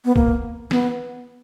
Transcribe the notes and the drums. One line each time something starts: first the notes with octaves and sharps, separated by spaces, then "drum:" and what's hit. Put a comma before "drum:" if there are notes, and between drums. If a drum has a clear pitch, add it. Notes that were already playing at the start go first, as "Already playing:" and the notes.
B3
A#3, drum: kick
B3, drum: snare